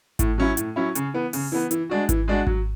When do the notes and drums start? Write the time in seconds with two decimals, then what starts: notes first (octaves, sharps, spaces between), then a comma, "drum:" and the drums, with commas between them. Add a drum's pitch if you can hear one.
0.19 A2, drum: kick G#1, hi-hat
0.38 F#3 C#4 E4
0.57 A2, drum: hi-hat
0.76 F#3 C#4 E4
0.95 C#3, drum: hi-hat
1.14 E3 B3
1.33 C#3, drum: open hi-hat
1.52 E3 B3
1.71 E3, drum: hi-hat
1.90 G#3 D4 F#4
2.09 E3, drum: kick G#1, hi-hat
2.28 G#3 D4 F#4
2.47 F#3, drum: kick G#1